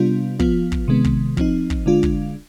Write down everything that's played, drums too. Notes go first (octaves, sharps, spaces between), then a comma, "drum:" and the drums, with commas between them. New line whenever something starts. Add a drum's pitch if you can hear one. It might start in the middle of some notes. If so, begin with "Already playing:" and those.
Already playing: C3 G3 B3 D4 F4
F3 B3 F4, drum: kick
drum: kick
C3 D#3 G#3 B3
drum: kick
F3 C4 D#4, drum: kick
drum: kick
D3 G#3 D4 F4
drum: kick